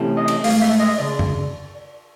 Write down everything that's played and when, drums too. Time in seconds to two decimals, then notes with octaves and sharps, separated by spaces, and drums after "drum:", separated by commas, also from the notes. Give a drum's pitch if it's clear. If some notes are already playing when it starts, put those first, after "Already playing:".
Already playing: C3 E3 A3 C#4
0.17 D#5
0.28 drum: cymbal
0.44 G#2 E3 A3 F5, drum: open hi-hat
0.62 E5
0.80 D#5
0.98 C#3 D5
1.19 drum: tom F#2